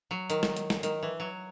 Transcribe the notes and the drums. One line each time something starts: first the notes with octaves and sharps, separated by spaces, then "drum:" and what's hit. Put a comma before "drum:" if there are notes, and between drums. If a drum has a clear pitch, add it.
F#3
D#3, drum: hi-hat
drum: snare
drum: hi-hat
drum: snare
D#3, drum: hi-hat
E3
F#3